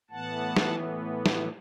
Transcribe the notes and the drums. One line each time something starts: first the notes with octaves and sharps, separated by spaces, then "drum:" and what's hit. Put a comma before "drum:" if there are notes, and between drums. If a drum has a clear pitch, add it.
A2 E3 B3 F#5 A5
drum: snare
drum: snare